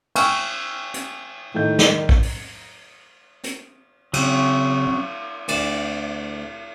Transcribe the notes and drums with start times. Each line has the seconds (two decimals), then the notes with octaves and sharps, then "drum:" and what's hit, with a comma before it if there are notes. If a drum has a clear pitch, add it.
0.16 G5 G#5 C#6 E6 F6, drum: cymbal
0.94 drum: hi-hat
1.54 A2 D#3 A4 G6
1.79 D#3 A#4, drum: snare
2.09 drum: kick
2.23 drum: open hi-hat
3.44 drum: hi-hat
4.13 C#3 F#3 C4 C#4, drum: cymbal
5.48 D2 D5, drum: cymbal